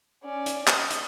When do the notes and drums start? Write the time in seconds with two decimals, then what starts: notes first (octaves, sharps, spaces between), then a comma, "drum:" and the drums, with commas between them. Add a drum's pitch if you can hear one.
0.24 C#4 D5
0.46 drum: hi-hat
0.67 D#5, drum: clap
0.90 drum: hi-hat